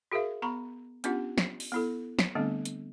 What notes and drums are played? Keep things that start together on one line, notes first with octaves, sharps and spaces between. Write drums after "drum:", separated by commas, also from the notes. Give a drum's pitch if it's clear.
F#4 G#4 A#4 E5 F5
B3 A#5 B5 C#6
B3 C#4 D4 F4 G4 F#5, drum: hi-hat
drum: snare
drum: open hi-hat
B3 E4 A4
drum: snare
D3 G3 A3 B3 C4 D4
drum: hi-hat